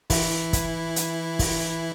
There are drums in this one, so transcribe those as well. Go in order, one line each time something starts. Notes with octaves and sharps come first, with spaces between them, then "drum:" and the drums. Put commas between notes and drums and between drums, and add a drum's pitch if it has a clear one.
E3 E4, drum: kick, open hi-hat
drum: kick, hi-hat
drum: hi-hat
drum: kick, open hi-hat